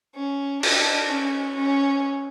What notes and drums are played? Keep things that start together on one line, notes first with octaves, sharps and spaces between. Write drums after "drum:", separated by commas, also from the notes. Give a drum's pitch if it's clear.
C#4
D4, drum: cymbal
C#4
C#4